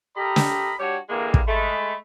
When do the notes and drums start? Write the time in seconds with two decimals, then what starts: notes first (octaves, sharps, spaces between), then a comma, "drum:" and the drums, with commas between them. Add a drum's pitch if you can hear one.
0.17 G4 A4 A#4 D#5 A#5 B5
0.36 drum: snare
0.80 G3 D4 F#4 G4 C#5
1.09 D3 E3 G3 G#3 A#3
1.34 drum: kick
1.47 G#3 A3 B5